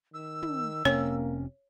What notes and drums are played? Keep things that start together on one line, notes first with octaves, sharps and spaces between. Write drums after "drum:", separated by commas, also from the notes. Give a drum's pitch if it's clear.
D#3 E6
drum: tom
F1 C3 A#3 C#4 C#5, drum: snare